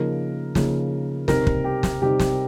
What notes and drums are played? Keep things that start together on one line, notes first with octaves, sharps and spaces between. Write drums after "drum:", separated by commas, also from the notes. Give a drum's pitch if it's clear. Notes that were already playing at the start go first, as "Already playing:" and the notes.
Already playing: C#3 F3 A#3 D#4 A#4
C#3 F3 A#3 D#4, drum: snare
C3 G3 C4 D#4 A#4, drum: snare
drum: kick
G4
drum: snare
C3 G3 C4 D#4 G4
drum: snare